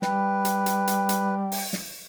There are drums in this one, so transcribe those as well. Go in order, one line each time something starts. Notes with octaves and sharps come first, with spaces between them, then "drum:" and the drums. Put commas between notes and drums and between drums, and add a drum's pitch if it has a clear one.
G3 B4 G5, drum: snare
drum: hi-hat
drum: hi-hat
drum: hi-hat
drum: hi-hat
drum: open hi-hat
drum: snare